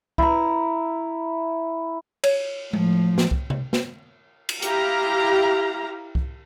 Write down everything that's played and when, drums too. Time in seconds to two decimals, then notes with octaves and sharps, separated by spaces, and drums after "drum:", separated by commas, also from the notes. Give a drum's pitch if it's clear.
0.18 E4 A#5, drum: kick C2
2.24 C#5, drum: cymbal
2.73 A2 F3, drum: tom G#3
3.18 drum: snare
3.31 drum: kick C2
3.50 drum: tom C3
3.73 drum: snare
4.49 drum: cymbal
4.62 E4 G4 F5 A#5, drum: hi-hat
6.15 drum: kick C2